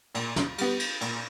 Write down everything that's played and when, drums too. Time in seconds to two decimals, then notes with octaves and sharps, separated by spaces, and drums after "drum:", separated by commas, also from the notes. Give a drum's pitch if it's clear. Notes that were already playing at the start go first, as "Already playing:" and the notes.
0.15 A#2, drum: cymbal
0.36 drum: snare
0.58 G3 B3, drum: cymbal
0.80 drum: cymbal
1.01 A#2, drum: cymbal